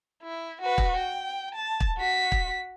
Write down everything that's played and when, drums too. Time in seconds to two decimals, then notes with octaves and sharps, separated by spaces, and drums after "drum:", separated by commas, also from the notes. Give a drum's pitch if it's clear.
0.22 E4
0.61 F#4 B4
0.78 drum: kick
0.96 G5
1.55 A5
1.80 drum: kick
1.98 F#4 B6
2.32 drum: kick